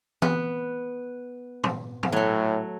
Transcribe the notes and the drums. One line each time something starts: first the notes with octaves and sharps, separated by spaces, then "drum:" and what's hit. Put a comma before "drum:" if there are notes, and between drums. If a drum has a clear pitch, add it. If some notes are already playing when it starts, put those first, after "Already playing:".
B3, drum: tom E3
drum: tom
drum: tom
A2 F#3 A3